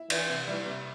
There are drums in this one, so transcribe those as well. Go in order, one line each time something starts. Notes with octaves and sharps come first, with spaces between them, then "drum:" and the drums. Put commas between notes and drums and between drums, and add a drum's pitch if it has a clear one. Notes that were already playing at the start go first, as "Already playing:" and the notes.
Already playing: E4
E3 D4, drum: cymbal
C3
E3 G3
C3